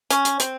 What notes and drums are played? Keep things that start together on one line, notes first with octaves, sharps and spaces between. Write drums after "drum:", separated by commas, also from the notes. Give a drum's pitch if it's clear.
C#4, drum: hi-hat
drum: hi-hat
C4, drum: hi-hat